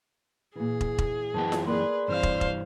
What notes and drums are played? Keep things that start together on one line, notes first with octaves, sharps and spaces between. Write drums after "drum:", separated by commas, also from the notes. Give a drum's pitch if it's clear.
A#2 E3 G#4
drum: kick
drum: kick
F#2 E3 B3 C5 G5 A5
drum: snare F4
A#3 G#4 A#4 B4 D5 C6
G2 E3 C4 C5 F5
drum: kick
drum: kick